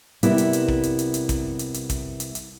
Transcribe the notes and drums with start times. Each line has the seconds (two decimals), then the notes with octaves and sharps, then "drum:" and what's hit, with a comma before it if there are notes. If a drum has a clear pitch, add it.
0.23 C3 G3 B3 E4 A#4, drum: hi-hat
0.38 drum: hi-hat
0.53 drum: hi-hat
0.68 drum: kick
0.83 drum: hi-hat
0.99 drum: hi-hat
1.14 drum: hi-hat
1.29 drum: kick, hi-hat
1.59 drum: hi-hat
1.74 drum: hi-hat
1.90 drum: kick, hi-hat
2.20 drum: hi-hat
2.35 drum: hi-hat